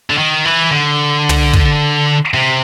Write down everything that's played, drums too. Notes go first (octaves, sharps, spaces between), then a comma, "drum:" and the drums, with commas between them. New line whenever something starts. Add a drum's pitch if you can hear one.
D3
D#3
E3
D3
drum: tom
drum: kick
C3